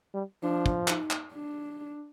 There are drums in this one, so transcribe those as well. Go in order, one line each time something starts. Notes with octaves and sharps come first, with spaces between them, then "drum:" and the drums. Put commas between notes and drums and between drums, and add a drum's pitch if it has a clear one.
G3
F3 D4
drum: kick
D#4, drum: clap
drum: clap
D4